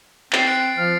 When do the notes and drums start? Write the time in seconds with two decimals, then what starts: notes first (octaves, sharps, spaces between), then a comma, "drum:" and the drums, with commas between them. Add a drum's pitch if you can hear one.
0.33 C4 A6 C7, drum: clap
0.47 F#6 D7
0.77 F3 F6